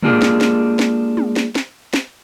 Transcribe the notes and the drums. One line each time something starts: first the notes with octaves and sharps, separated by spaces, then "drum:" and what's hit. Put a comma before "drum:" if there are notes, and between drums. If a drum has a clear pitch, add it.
G#3 A#3 D4 F4 G4 G#4, drum: tom
drum: snare
drum: snare
drum: snare
drum: tom
drum: snare
drum: snare
drum: snare